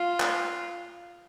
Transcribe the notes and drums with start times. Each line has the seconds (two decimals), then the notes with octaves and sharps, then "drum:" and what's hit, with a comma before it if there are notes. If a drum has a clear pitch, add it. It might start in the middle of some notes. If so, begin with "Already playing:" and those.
Already playing: F4
0.20 drum: clap